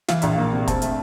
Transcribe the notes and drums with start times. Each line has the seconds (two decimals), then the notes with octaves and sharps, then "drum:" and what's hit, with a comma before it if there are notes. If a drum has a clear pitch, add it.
0.08 E3 F5, drum: snare
0.22 A#1 E5, drum: hi-hat
0.33 A#3 F5
0.53 C3
0.68 C4 A5, drum: kick, hi-hat
0.82 A3, drum: hi-hat